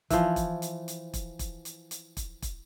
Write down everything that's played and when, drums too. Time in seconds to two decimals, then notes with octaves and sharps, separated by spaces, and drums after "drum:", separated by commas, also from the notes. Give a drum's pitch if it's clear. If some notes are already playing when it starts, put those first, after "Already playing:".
0.10 E3 F3, drum: kick E1, hi-hat
0.36 drum: kick E1, hi-hat
0.62 drum: hi-hat
0.88 drum: hi-hat
1.14 drum: kick E1, hi-hat
1.39 drum: kick E1, hi-hat
1.65 drum: hi-hat
1.91 drum: hi-hat
2.17 drum: kick E1, hi-hat
2.42 drum: kick E1, hi-hat